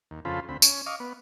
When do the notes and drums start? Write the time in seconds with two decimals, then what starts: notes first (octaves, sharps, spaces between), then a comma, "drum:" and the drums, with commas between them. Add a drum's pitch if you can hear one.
0.11 D#2
0.25 F2 C#3 F4 A4 C5 B5
0.49 D2 C4 B5
0.62 C#4, drum: tambourine
0.86 D#5 F5 C#6 D6
1.00 B3